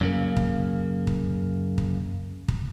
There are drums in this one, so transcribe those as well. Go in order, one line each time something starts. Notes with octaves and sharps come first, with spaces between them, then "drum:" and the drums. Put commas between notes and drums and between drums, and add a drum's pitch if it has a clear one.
F#2 C#3 A#3
drum: kick
drum: kick
drum: kick
drum: kick